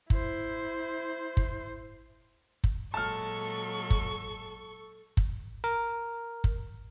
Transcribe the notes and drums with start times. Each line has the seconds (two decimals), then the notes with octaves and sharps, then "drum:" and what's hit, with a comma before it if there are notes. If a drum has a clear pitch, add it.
0.10 E4 C5, drum: kick
1.37 drum: kick
2.64 drum: kick
2.94 A#2 F#3 G#3 A4 A5 C#6 F6
3.90 drum: kick
5.17 drum: kick
5.64 A#4
6.44 drum: kick